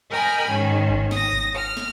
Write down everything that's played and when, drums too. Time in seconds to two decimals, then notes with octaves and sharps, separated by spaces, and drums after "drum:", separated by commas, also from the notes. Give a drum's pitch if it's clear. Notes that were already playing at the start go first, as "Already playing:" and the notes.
0.10 A#4 D#5 G5 G#5 B5
0.49 G#2 D#3 C#4
0.89 drum: kick G#1
1.11 D#6 A#6, drum: snare
1.33 drum: kick G#1
1.55 F6
1.77 drum: snare